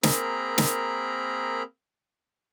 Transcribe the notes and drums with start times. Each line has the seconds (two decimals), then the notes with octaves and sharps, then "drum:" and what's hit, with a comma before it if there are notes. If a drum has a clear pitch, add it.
0.03 A#3 C4 G#4 A#4 A#5 B5, drum: snare
0.58 drum: snare